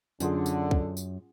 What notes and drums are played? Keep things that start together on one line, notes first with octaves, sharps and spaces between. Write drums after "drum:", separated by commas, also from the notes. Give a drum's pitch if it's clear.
F#2 D3 C#4 F4 G#4, drum: tambourine
drum: tambourine
drum: kick
drum: tambourine